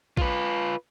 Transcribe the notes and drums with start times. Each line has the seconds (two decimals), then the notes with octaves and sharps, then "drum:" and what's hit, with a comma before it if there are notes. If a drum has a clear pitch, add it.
0.17 F4 B4, drum: kick